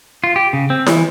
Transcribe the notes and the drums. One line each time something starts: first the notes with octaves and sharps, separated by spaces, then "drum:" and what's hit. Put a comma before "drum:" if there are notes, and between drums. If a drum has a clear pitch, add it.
F4
G4
C#3
C4
E3, drum: snare E4